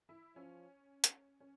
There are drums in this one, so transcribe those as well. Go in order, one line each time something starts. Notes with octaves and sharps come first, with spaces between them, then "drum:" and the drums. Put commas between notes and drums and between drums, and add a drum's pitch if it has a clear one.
E4
F3 C#4
drum: hi-hat
C#4